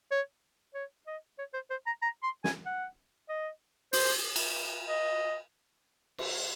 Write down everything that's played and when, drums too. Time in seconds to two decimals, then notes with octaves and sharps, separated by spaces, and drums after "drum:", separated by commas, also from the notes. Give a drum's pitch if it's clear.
0.11 C#5
0.75 C#5
1.07 D#5
1.39 C#5
1.54 C5
1.70 C5
1.86 A#5
2.02 A#5
2.23 C6
2.44 G#5, drum: snare
2.66 F#5
3.29 D#5
3.93 C5, drum: open hi-hat
4.36 drum: cymbal
4.88 D#5
6.18 drum: cymbal